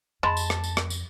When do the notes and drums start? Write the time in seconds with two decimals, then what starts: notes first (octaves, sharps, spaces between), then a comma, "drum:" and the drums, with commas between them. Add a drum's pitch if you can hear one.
0.23 F2 G#3 A5 B5 C6
0.37 drum: tambourine
0.50 drum: rim click
0.64 drum: tambourine
0.77 drum: rim click
0.90 drum: tambourine